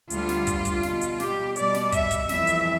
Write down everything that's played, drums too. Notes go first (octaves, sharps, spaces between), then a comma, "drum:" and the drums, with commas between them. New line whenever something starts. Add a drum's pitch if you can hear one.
D2 D3 G3 F4, drum: hi-hat
drum: snare
drum: kick, hi-hat
drum: kick, hi-hat
B2 G3, drum: snare
drum: hi-hat
G4, drum: snare
B2 G3 D5, drum: hi-hat
drum: snare
E5, drum: kick, hi-hat
drum: kick, hi-hat
F2 E3 G3 E5, drum: snare
drum: hi-hat